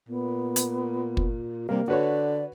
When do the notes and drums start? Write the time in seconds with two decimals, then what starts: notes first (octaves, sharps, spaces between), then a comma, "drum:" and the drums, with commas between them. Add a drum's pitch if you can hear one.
0.09 A#2 B3
0.56 drum: hi-hat
1.17 drum: kick
1.69 C3 G3 A#3
1.88 D3 F#4 B4 C#5 D5